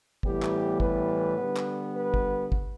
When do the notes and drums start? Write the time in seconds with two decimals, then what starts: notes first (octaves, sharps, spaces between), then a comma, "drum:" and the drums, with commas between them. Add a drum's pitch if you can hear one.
0.23 A2 E3 G3 B3 G4, drum: kick
0.42 drum: clap
0.80 B4, drum: kick
1.37 D3 G3 B3
1.57 drum: clap
1.95 B4
2.14 drum: kick
2.52 drum: kick